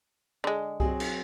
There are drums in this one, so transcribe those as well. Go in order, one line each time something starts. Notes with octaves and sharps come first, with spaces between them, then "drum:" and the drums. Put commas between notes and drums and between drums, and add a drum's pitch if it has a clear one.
D3 G#3
F#3 C4 G#4, drum: kick C2
drum: cymbal